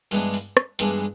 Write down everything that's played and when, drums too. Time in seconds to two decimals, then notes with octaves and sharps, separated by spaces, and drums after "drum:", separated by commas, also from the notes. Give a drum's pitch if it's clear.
0.11 G2 E3 G#3 B3 D4, drum: open hi-hat
0.34 drum: open hi-hat
0.57 drum: rim click
0.79 G2 E3 G#3 B3 D4, drum: hi-hat